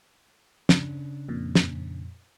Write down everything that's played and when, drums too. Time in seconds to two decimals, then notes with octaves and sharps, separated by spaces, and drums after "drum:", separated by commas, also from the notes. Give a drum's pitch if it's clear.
0.69 C#3 D4, drum: snare
1.28 F2 A#2
1.55 drum: snare